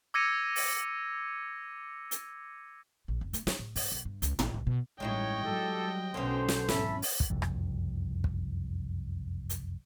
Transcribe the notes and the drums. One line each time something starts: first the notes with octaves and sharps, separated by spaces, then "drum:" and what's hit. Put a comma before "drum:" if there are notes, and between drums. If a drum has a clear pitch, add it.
D6 E6 G#6 A#6 C#7 D#7
drum: open hi-hat
drum: hi-hat
A#1
F1
A3, drum: hi-hat
D#4, drum: snare
A2
G2, drum: open hi-hat
B1
G2
C#2, drum: hi-hat
A1, drum: tom
C2
B2
A1 G2 G#3 D#4 E4 C#5 D#5 G5
F#3 G3 G4 A4
B1 B2 D3 F#3 C#4 C5
drum: snare
G#1 E2 C#4 E5 A5 B5, drum: snare
drum: open hi-hat
drum: kick
F#1 C2 F2
drum: rim click
drum: kick
drum: hi-hat